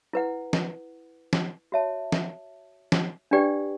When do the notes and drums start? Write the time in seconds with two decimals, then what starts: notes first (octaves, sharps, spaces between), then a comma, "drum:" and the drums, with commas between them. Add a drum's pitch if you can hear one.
0.13 E4 B4 F#5
0.53 drum: snare
1.33 drum: snare
1.72 F#4 C#5 E5 A5
2.12 drum: snare
2.92 drum: snare
3.31 D4 G4 B4 D5 G5